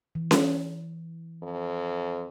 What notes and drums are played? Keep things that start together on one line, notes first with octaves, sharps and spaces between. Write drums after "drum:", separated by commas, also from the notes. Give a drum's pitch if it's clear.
E3
drum: snare C#4
F2